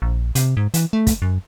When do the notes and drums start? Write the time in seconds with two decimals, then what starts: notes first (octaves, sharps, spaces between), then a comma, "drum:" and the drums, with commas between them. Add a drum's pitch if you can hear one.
0.02 A#1
0.35 C3, drum: hi-hat
0.57 G#2
0.74 E3, drum: hi-hat
0.93 A3
1.07 drum: kick, hi-hat
1.22 F#2